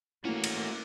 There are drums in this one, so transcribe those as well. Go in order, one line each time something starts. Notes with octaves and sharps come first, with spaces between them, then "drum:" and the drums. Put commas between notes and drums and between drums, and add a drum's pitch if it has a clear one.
A3 A#3 C#4 E4 F#4
drum: cymbal